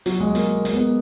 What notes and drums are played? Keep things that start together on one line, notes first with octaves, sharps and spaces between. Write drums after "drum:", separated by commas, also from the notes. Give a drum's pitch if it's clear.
F#3, drum: hi-hat
G#3
A#3, drum: hi-hat
G#3, drum: hi-hat
B3
A#3